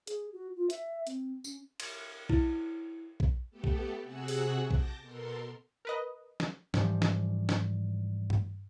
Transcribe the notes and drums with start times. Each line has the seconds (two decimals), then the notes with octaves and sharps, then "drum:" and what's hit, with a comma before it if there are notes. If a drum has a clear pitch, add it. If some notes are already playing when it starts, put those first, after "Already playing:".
0.07 G#4, drum: hi-hat
0.33 F#4
0.56 F4
0.70 E5, drum: hi-hat
1.07 C4, drum: hi-hat
1.44 C#4, drum: tambourine
1.80 drum: cymbal
2.29 E4, drum: kick A#1
3.20 drum: kick A#1
3.51 A3 B3 G4 A4
3.64 drum: kick A#1
4.02 C3 F#4 G#4 F#5 E6 F#6
4.28 drum: open hi-hat
4.71 A5 D6 G6 A#6, drum: kick A#1
5.01 B2 A4 A#4 C6
5.85 A#4 B4 D#5
6.40 drum: snare
6.74 G#2 E3 F3 G3, drum: snare
7.02 drum: snare
7.49 drum: snare
8.30 drum: tom G2